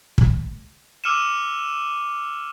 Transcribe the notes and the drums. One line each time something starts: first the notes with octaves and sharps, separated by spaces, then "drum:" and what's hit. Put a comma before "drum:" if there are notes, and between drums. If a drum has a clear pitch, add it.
drum: kick
D6 E6 F6 C#7 D#7 E7